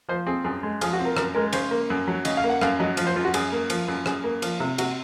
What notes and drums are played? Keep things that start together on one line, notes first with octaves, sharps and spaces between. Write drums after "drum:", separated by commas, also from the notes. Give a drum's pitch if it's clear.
F3 C5
C4 G#4
F#2 G#4
G#3
F3 G#4, drum: cymbal
F#4
C4
A#4
F#2 A#4, drum: rim click
G#3 A#4
C#3 C5, drum: cymbal
A#3
F#2
F#3
C#3 D#5, drum: cymbal
F5
A#3
F#5
F#2 F5, drum: rim click
F#3 D#5
F3, drum: cymbal
C5
F#2 F4
F#4
F#2 G#4, drum: cymbal
A#3
F3, drum: cymbal
F#2
F#2 G#4, drum: rim click
A#3
F3, drum: cymbal
C3
C3 F#4, drum: cymbal